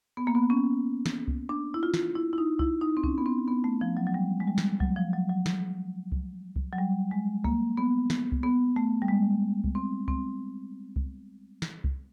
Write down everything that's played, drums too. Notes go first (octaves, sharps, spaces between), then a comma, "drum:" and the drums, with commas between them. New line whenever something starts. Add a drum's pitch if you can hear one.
B3
A#3
B3
C#4
drum: snare
drum: kick C2
D4
E4
F4
drum: snare
E4
E4
D#4
E4, drum: kick C2
D#4
C4
C#4, drum: kick C2
B3
C4
B3
A3
F3
F#3
F#3
G3
G#3
G3
drum: snare
F#3, drum: kick C2
F3
F#3
F#3
drum: snare
drum: kick C2
drum: kick C2
F#3
G3
G#3
A#3, drum: kick C2
B3
drum: snare
drum: kick C2
B3
A3
G3
G#3
drum: kick C2
C4
C4, drum: kick C2
drum: kick C2
drum: snare
drum: kick C2